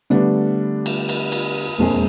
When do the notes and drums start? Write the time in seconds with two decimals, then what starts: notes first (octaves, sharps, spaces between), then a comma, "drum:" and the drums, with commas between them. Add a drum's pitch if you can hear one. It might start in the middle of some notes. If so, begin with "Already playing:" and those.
0.10 D3 G3 A3 B3 D4
0.86 drum: cymbal
1.09 drum: cymbal
1.32 drum: cymbal
1.78 E1 F2 G#3 A#3 G#4